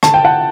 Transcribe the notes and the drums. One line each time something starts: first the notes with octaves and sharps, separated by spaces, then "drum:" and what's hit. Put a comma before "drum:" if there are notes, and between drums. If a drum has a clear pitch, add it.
D3 A5, drum: rim click
G5
F#5 A5